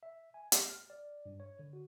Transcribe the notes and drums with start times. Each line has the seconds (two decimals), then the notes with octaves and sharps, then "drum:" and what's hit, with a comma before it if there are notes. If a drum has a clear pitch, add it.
0.03 E5
0.34 G#5
0.52 G4, drum: hi-hat
0.70 F6
0.90 D5
1.26 G2
1.40 C#5
1.59 D3
1.73 F#4